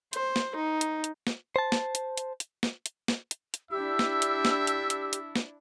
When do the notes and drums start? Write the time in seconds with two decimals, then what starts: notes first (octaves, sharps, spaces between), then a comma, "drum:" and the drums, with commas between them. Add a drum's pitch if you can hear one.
0.13 C5, drum: hi-hat
0.36 drum: snare
0.55 D#4
0.81 drum: hi-hat
1.04 drum: hi-hat
1.27 drum: snare
1.56 C5 A5
1.72 drum: snare
1.95 drum: hi-hat
2.17 drum: hi-hat
2.40 drum: hi-hat
2.63 drum: snare
2.86 drum: hi-hat
3.08 drum: snare
3.31 drum: hi-hat
3.54 drum: hi-hat
3.71 D4 E4 G4 E5 E6
3.99 drum: snare
4.22 drum: hi-hat
4.45 drum: snare
4.67 drum: hi-hat
4.90 drum: hi-hat
5.13 drum: hi-hat
5.36 drum: snare